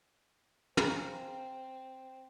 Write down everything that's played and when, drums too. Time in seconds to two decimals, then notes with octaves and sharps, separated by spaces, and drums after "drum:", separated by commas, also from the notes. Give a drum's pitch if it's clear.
0.77 C4 G#4 F5 A#5, drum: tom